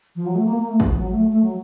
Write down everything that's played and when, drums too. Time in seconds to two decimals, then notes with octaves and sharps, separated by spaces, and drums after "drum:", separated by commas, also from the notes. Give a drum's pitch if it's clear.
0.15 F3
0.26 F#3
0.35 A3
0.45 A#3
0.57 A#3
0.68 A3
0.80 F3, drum: kick
0.96 F#3
1.11 A3
1.27 A3
1.41 F#3